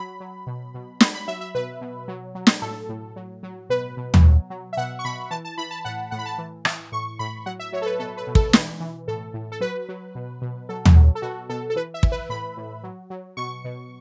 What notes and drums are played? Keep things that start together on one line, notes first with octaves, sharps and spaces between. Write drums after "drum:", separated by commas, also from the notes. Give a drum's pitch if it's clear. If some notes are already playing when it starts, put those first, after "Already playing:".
Already playing: F#3 B5
F#3
B2
B2
F#3 B5, drum: snare
B5
F#3 E5
E5
B2 B4
B2
F#3
F#3
drum: snare
A2 A4
A2
F#3
F#3
B2 B4
B2
drum: tom
F#3
F#3
E5
B2 F#5
C#6
B2 B5
E3 A5
A5
E3 B5
A5
A2 F#5
A2 F#5
B5
A5
E3
E3, drum: rim click
A2 C#6
A2 B5
F#3 F#5
E5
F#3 C#5
A4
B4
B2 A4
B4
B2
A4, drum: kick
E3, drum: snare
E3
A2 A4
A2
A4
F#3 B4
F#3
B2
B2
F#3 A4
drum: tom
F#3
A4
B2 F#4
B2 A4
A4
E3 B4
E5
E3, drum: kick
B4
A2 B5
A2
F#3
F#3
B2 C#6
B2